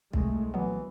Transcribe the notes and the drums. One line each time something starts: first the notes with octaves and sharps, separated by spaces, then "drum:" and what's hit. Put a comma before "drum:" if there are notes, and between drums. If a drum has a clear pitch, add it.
C2 G#3 A3, drum: kick
A#1 E3 F#3 B3